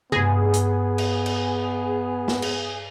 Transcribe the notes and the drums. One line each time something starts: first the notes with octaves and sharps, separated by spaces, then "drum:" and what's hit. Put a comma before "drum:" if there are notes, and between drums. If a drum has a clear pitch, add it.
G2 B3 G#4 A#6, drum: tom C3
drum: hi-hat
drum: cymbal
drum: cymbal
drum: snare
drum: cymbal